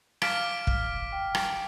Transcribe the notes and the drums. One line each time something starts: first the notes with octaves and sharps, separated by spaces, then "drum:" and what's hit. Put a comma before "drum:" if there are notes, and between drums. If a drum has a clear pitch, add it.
F5 D6 F6 B6 D7, drum: rim click
drum: kick
G5
G5, drum: rim click